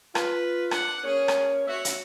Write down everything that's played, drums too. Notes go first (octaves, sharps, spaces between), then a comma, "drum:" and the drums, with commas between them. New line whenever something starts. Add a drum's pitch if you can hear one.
F4 B4, drum: rim click
D4 F#5, drum: rim click
A#3 C#4 G#4 C#5
drum: rim click
F#4 C#5 E5
drum: hi-hat